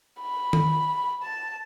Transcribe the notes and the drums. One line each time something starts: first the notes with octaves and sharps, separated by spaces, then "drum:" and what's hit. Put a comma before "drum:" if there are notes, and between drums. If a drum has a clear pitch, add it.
B5
drum: tom D#3
A5